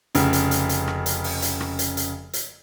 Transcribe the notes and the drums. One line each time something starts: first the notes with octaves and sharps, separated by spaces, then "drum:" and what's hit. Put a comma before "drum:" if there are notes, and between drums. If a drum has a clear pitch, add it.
F1 C#3, drum: hi-hat
drum: hi-hat
drum: hi-hat
drum: hi-hat
drum: rim click
drum: hi-hat
drum: open hi-hat
drum: hi-hat
drum: rim click
drum: hi-hat
drum: hi-hat
drum: hi-hat